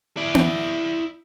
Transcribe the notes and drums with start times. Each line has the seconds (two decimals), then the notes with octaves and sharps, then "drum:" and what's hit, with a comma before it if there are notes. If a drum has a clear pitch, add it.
0.17 E4 D5
0.35 drum: tom B3